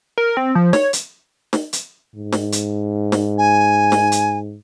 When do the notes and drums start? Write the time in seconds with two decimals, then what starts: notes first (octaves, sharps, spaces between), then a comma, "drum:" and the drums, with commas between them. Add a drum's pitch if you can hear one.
0.18 A#4
0.37 C4
0.55 F3
0.73 C#5, drum: snare
0.93 drum: hi-hat
1.53 drum: snare
1.73 drum: hi-hat
2.16 G#2
2.32 drum: snare
2.52 drum: hi-hat
3.12 drum: snare
3.38 G#5
3.92 drum: snare
4.12 drum: hi-hat